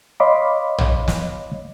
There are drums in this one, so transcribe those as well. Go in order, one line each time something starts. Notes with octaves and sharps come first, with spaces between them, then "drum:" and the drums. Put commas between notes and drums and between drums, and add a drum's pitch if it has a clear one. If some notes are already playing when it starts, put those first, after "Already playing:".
C#5 D#5 F5 B5 C6 D6
drum: tom A#1
drum: snare